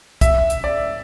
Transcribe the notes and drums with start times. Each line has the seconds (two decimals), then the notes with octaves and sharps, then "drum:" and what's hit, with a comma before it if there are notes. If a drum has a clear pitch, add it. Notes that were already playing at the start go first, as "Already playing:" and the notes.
0.21 E5, drum: kick, hi-hat
0.50 drum: hi-hat
0.64 D5